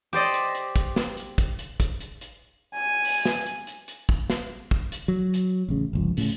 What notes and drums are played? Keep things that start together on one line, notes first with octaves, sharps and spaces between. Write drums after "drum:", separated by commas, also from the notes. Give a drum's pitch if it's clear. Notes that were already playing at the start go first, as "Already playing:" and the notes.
G4 C5 D5 D#5
drum: hi-hat
drum: hi-hat
drum: kick, hi-hat
drum: snare
drum: hi-hat
drum: kick, hi-hat
drum: hi-hat
drum: kick, hi-hat
drum: hi-hat
drum: hi-hat
G#5
drum: open hi-hat
drum: snare
drum: hi-hat
drum: hi-hat
drum: hi-hat
drum: kick
drum: snare
drum: kick
drum: hi-hat
F#3
drum: hi-hat
A1 C#3
G1 C#2 F3
A2 C#3, drum: open hi-hat